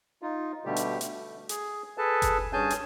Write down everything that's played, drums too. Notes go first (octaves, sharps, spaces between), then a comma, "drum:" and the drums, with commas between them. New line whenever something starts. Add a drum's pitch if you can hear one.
D#4 F4
B2 D3 G3 A3 G4
drum: hi-hat
A3, drum: hi-hat
G#4, drum: hi-hat
G#4 A4 B4 A5
drum: kick F#1, hi-hat
G2 C#4 G#4 G#5 A5 G6
drum: hi-hat